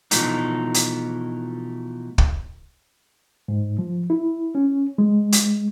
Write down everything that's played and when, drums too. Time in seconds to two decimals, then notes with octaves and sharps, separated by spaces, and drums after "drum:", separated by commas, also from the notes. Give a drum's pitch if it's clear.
0.11 B2 E3 F3 A3 D#4, drum: hi-hat
0.74 drum: hi-hat
2.18 drum: kick
3.48 G#2
3.79 F3
4.10 E4
4.55 C#4
4.98 G#3
5.32 drum: hi-hat